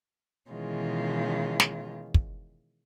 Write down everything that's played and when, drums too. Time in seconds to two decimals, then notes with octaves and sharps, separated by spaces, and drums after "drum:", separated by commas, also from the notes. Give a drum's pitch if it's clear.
0.50 B2 D#3 E3 G#3 C#4 F4
1.60 drum: snare
2.14 drum: kick